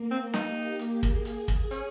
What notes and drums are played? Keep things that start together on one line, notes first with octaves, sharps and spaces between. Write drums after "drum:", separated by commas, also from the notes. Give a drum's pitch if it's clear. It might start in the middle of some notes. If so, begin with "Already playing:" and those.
Already playing: A#3
C4
D#4 G4, drum: snare
drum: hi-hat
G#4, drum: kick
drum: hi-hat
drum: kick
C#4, drum: hi-hat